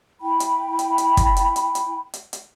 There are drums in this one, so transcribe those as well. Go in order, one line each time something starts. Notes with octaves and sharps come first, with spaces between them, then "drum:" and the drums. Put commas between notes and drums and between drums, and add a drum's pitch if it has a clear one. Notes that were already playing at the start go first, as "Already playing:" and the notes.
E4 G5 B5
drum: hi-hat
drum: hi-hat
drum: hi-hat
drum: kick, hi-hat
drum: hi-hat
drum: hi-hat
drum: hi-hat
drum: hi-hat
drum: hi-hat